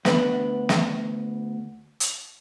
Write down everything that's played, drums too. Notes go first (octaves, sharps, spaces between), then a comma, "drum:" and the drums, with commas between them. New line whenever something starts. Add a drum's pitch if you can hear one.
D2 B3 D4, drum: snare
drum: snare
drum: hi-hat